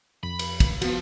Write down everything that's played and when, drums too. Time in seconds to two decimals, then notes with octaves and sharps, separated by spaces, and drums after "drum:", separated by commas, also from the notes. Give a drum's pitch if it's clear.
0.23 F2 B5
0.39 drum: cymbal
0.60 drum: kick, cymbal
0.82 F3 B3 F#4, drum: cymbal